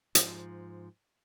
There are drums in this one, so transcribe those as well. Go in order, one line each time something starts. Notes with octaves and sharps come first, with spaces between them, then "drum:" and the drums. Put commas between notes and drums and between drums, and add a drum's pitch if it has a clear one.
G#2 F3, drum: hi-hat